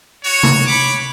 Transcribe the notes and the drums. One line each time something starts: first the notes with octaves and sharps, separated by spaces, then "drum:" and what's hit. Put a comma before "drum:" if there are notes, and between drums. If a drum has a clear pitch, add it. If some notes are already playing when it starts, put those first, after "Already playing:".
F#4 C#5
drum: tom C3
C#5 B5 D6